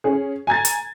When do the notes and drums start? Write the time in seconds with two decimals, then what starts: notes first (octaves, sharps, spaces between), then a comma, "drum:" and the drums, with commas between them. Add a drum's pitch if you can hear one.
0.04 C#4 G#4
0.47 G#5 A#5 G#6 A6
0.65 drum: hi-hat